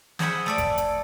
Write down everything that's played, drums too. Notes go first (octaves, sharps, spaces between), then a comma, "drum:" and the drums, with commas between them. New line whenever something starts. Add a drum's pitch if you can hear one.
G#4 C5 D#5 E5 F#5 B5, drum: snare
A3 A4 D5
drum: kick G1, hi-hat
drum: hi-hat